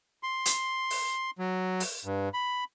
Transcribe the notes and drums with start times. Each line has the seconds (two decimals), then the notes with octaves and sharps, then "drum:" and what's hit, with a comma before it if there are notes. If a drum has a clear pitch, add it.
0.23 C6
0.45 drum: hi-hat
0.90 drum: open hi-hat
1.39 F#3
1.80 drum: open hi-hat
2.05 G2
2.34 B5